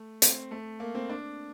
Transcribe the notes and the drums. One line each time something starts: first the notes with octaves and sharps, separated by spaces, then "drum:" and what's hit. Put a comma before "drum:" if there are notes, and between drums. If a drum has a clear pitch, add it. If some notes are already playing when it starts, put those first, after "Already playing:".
Already playing: A3
C4, drum: hi-hat
A3
A#3
C4
D4